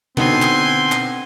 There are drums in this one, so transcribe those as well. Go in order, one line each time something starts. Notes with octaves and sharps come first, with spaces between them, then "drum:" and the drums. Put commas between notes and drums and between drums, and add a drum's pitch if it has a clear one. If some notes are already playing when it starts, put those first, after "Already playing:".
B2 D3 B3 C4 D4 D#4 G#5 C6, drum: tom B2
drum: clap
drum: clap